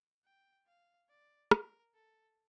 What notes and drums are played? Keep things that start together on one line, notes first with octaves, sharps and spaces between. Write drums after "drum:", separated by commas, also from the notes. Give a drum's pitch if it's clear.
G5
F5
D5
A#4, drum: rim click
A4